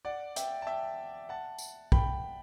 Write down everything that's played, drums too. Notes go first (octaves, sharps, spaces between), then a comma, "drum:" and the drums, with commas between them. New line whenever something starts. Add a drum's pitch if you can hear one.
D5 F#5
E5 G5, drum: hi-hat
A5
E5 G5
F#5 A5
drum: tambourine
G5 B5, drum: kick